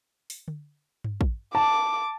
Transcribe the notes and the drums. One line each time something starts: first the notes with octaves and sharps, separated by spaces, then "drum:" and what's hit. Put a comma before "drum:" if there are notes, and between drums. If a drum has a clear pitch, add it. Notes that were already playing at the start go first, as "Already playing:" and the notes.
drum: open hi-hat
drum: tom D3
drum: tom G2
drum: kick
A5 D6